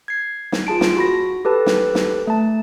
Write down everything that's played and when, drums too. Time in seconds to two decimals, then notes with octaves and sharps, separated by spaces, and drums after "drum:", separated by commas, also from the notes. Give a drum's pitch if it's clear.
0.08 G#6 C7
0.52 drum: snare
0.67 F4 G#4 A5 D7
0.81 drum: snare
0.96 F#4 B5 A#6
1.45 G4 A4 B4 A5
1.66 drum: snare
1.95 drum: snare
2.27 A3 A5